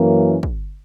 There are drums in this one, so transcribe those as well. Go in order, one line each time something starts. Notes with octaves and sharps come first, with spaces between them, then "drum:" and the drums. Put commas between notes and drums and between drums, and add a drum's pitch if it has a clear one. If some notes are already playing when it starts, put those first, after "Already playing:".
Already playing: F#2 E3 A#3 C#4
drum: kick